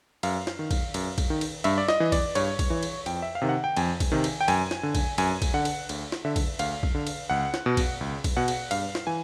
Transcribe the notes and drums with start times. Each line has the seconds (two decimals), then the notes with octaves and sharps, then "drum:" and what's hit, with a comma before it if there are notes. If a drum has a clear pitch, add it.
0.23 F#2 F5, drum: cymbal
0.47 drum: snare
0.59 D#3
0.71 drum: kick A#1, cymbal
0.94 F#2, drum: cymbal
1.18 drum: kick A#1, cymbal
1.30 D#3
1.41 drum: cymbal
1.64 G2 E5, drum: cymbal
1.78 D5
1.89 D#5, drum: snare
2.00 E3
2.12 D5, drum: kick A#1, cymbal
2.35 G2 C#5, drum: cymbal
2.59 drum: kick A#1, cymbal
2.70 E3
2.83 drum: cymbal
3.06 F2 G5, drum: cymbal
3.22 E5
3.35 F5
3.42 C3 D#3
3.49 F#5
3.64 G5
3.77 F2 G#5, drum: cymbal
4.00 drum: kick A#1, cymbal
4.12 C3 D#3
4.24 drum: cymbal
4.41 G5
4.48 F#2 G#5, drum: cymbal
4.71 drum: snare
4.83 D3
4.95 drum: kick A#1, cymbal
5.18 F#2 G#5, drum: cymbal
5.42 drum: kick A#1, cymbal
5.54 D3 F#5
5.65 drum: cymbal
5.89 D2, drum: cymbal
6.12 drum: snare
6.25 D3 E5
6.36 drum: kick A#1, cymbal
6.59 D2 F5, drum: cymbal
6.83 drum: kick A#1
6.95 D3
7.07 drum: cymbal
7.30 C#2 F#5
7.54 drum: snare
7.66 B2
7.77 drum: kick A#1, cymbal
8.01 C#2
8.24 drum: kick A#1, cymbal
8.37 B2 F#5
8.48 drum: cymbal
8.71 G2 F5, drum: cymbal
8.95 drum: snare
9.07 E3 G#5